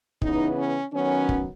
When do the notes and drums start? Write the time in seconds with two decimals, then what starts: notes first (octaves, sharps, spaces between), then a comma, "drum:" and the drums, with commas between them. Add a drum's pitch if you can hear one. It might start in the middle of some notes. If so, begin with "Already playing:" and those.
0.22 C#3 E3 B3 D#4, drum: kick
0.58 C#4
0.92 D#3 F#3 B3 C#4
1.29 drum: kick